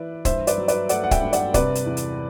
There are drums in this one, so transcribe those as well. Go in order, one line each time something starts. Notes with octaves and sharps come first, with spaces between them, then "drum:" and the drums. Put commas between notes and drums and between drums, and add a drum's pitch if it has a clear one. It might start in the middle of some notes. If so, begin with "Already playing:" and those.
Already playing: E3 E4 B4 D5 E5
G2 C5 E5, drum: kick, hi-hat
B4 D5, drum: hi-hat
F#3
B4 D5, drum: hi-hat
A3 D5 F#5, drum: hi-hat
F#5
E5 G5, drum: kick, hi-hat
G2
D5 F#5, drum: hi-hat
C3 B4 D5, drum: kick, hi-hat
drum: hi-hat
E2
drum: hi-hat